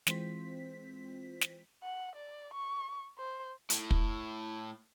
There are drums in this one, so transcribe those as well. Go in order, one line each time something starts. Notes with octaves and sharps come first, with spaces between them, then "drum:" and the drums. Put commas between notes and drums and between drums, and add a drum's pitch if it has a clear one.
E3 G#3 C4 F4 C5 B6, drum: snare
drum: snare
F#5
D5
C#6
C5
A2, drum: hi-hat
drum: kick